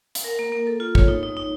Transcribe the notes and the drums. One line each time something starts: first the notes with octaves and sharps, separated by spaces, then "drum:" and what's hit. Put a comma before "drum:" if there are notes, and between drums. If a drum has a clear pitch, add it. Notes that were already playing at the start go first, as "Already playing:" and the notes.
drum: hi-hat
A#4
A#3
A#3
A4
F4
C#5, drum: kick
D#4
D#4
D#4